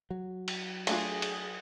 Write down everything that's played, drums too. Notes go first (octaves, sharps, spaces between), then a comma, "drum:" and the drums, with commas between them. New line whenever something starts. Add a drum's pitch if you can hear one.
F#3
drum: cymbal
A3 D4 F4 G#4, drum: cymbal
drum: cymbal